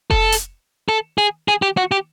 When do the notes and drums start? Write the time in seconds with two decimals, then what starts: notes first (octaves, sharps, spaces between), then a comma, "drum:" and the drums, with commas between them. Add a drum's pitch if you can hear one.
0.11 A4, drum: kick F1
0.32 drum: hi-hat
0.89 A4
1.18 G#4
1.48 G#4
1.62 G4
1.77 F#4
1.92 G4